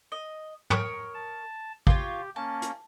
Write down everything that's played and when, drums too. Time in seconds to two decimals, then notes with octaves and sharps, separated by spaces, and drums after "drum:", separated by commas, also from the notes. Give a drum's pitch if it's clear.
0.12 D#5
0.70 A#4 C#5 D#6, drum: tom
1.14 A5
1.87 F4 G4 C#5, drum: kick
2.36 A#3 C#4 A5
2.62 drum: hi-hat